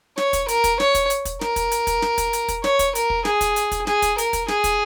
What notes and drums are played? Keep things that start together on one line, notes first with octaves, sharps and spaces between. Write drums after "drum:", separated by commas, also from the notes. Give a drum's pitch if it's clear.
C#5, drum: snare
drum: kick, hi-hat
A#4, drum: hi-hat
drum: kick, hi-hat
C#5, drum: snare
drum: kick, hi-hat
drum: hi-hat
drum: kick, hi-hat
A#4, drum: snare
drum: kick, hi-hat
drum: hi-hat
drum: kick, hi-hat
drum: snare
drum: kick, hi-hat
drum: hi-hat
drum: kick, hi-hat
C#5, drum: snare
drum: kick, hi-hat
A#4, drum: hi-hat
drum: kick
G#4, drum: snare
drum: kick, hi-hat
drum: hi-hat
drum: kick, hi-hat
G#4, drum: snare
drum: kick, hi-hat
A#4, drum: hi-hat
drum: kick, hi-hat
G#4, drum: snare
drum: kick, hi-hat